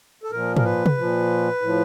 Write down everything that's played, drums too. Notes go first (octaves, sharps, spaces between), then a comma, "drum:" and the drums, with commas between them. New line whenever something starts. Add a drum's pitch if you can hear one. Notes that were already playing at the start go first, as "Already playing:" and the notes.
A4
A#2 F3 A#4
A#4, drum: tom G#2
B4
drum: tom C3
A#2 F3
A2 F3